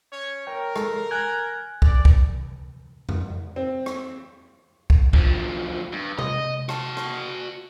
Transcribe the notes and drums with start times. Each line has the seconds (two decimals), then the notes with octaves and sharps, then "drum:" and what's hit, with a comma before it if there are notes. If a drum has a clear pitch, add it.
0.12 C#4 C#5
0.47 A#4 C#5 G5
0.76 G#3 A4, drum: rim click
1.11 G#5 F#6 G#6
1.82 D5, drum: kick
2.05 drum: kick
3.09 drum: tom F2
3.56 C4
3.86 drum: rim click
4.90 drum: kick
5.13 D2 F3, drum: kick
5.92 G2
6.19 D#5, drum: tom C3
6.69 F#4 A5, drum: rim click
6.97 drum: rim click